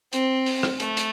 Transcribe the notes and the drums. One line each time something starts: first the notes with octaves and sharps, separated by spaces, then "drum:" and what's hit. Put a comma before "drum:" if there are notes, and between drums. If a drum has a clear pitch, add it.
C4, drum: hi-hat
drum: open hi-hat
drum: rim click
A3, drum: hi-hat
drum: hi-hat